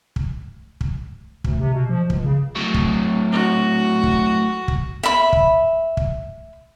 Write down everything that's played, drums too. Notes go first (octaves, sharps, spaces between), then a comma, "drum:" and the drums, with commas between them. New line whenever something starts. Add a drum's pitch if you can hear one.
drum: kick
drum: kick
D2, drum: kick
C3
B2
F3
C#2, drum: kick
C#3
A2 F#3
drum: kick
F#4
drum: kick
drum: kick
E5 B5
drum: kick
drum: kick